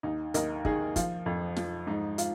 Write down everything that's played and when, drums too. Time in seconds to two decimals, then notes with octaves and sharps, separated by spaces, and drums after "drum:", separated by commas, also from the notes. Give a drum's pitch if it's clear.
0.03 D#2 D#4
0.34 D#2 A#4 D#5, drum: hi-hat
0.65 D#3 D#4 G#4, drum: kick
0.96 F3 F4, drum: kick, hi-hat
1.26 F2
1.56 F3, drum: snare
1.87 G#2 D#4
2.18 F4, drum: hi-hat